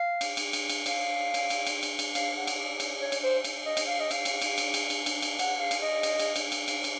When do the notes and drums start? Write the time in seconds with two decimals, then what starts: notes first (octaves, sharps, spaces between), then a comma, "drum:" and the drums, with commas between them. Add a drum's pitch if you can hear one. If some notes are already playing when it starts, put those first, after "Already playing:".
Already playing: F5
0.21 drum: cymbal
0.37 drum: cymbal
0.53 drum: cymbal
0.69 drum: cymbal
0.86 F5, drum: cymbal
1.34 drum: cymbal
1.50 drum: cymbal
1.66 drum: cymbal
1.83 drum: cymbal
1.99 drum: cymbal
2.15 F5, drum: cymbal
2.37 F#5
2.47 drum: cymbal
2.58 F5
2.80 drum: cymbal
3.02 C#5
3.12 drum: cymbal
3.23 C5
3.44 drum: cymbal
3.66 D#5
3.77 drum: cymbal
3.88 F5
4.00 D#5
4.11 F5, drum: cymbal
4.25 drum: cymbal
4.41 drum: cymbal
4.58 drum: cymbal
4.74 drum: cymbal
4.90 drum: cymbal
5.06 drum: cymbal
5.22 drum: cymbal
5.39 F#5, drum: cymbal
5.60 F5
5.71 drum: cymbal
5.82 D#5
6.03 drum: cymbal
6.19 drum: cymbal
6.36 drum: cymbal
6.52 drum: cymbal
6.68 F5, drum: cymbal
6.84 drum: cymbal